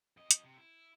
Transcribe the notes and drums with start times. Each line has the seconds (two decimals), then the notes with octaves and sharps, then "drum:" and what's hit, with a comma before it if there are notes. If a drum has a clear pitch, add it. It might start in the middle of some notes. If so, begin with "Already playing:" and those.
0.17 F2 D#5
0.31 drum: hi-hat
0.44 C3
0.57 E4